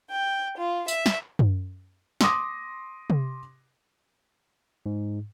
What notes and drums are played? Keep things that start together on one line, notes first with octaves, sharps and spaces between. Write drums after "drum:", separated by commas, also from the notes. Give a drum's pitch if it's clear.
G5
F4
E5, drum: tambourine
drum: snare
drum: tom F#2
C6 D6 D#6 A#6, drum: snare
drum: tom C3
G#2